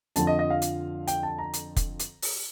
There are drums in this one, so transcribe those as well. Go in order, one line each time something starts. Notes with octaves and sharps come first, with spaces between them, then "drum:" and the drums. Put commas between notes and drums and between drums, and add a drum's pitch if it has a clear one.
F2 D3 F3 C4 A5, drum: hi-hat
D#5
D#5
F5
drum: hi-hat
G5, drum: hi-hat
A5
A#5
drum: hi-hat
drum: kick, hi-hat
drum: hi-hat
drum: open hi-hat